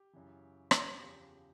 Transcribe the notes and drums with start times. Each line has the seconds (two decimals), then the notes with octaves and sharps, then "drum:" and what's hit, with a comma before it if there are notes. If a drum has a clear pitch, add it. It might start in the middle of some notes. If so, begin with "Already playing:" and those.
Already playing: G4
0.13 F#2 C#3 E3
0.71 drum: rim click
0.99 E2 C#3 F3 G4